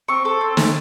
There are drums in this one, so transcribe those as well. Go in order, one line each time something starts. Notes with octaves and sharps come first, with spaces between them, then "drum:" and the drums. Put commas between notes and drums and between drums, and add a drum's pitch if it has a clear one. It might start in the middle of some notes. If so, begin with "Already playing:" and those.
C4 C#6
A4
C4
A4, drum: snare